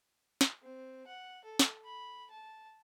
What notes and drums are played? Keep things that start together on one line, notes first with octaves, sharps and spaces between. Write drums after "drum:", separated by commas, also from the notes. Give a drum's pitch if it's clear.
drum: snare
C4
F#5
A4
drum: snare
B5
A5